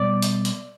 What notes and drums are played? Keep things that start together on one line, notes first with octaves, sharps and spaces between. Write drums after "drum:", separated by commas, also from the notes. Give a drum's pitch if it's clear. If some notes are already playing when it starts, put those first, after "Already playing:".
Already playing: B2 G3 B3 D5
drum: hi-hat
drum: hi-hat